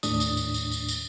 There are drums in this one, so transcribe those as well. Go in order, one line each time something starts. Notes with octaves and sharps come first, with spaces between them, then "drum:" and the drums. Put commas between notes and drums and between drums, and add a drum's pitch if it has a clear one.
D#2 A2 D4 D#6, drum: tambourine
drum: tambourine
drum: tambourine
drum: tambourine
drum: tambourine
drum: tambourine